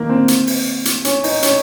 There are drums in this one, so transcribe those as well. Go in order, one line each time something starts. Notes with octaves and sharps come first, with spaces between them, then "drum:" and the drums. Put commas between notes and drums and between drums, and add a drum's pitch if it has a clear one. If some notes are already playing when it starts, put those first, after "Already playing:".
Already playing: D#3 A#3
C4
drum: hi-hat
drum: open hi-hat
drum: hi-hat
C#4, drum: hi-hat
D#4, drum: open hi-hat
C#4, drum: hi-hat